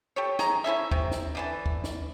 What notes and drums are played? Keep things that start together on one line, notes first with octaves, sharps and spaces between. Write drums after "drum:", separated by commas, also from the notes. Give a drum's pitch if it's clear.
G4 A4 C#5
G#4 A#5, drum: snare
C#4 E4 A4 E5
C3, drum: kick
drum: snare
D3 E3 A5
drum: kick
drum: snare